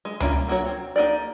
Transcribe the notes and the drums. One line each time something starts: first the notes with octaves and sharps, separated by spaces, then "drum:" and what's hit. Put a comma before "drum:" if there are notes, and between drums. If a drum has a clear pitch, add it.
G#3
G3 A#3 C#4 D#4 F4, drum: tom C#2
F#3 A#3 F#4 C#5
C4
A#3 D#4 G4 D5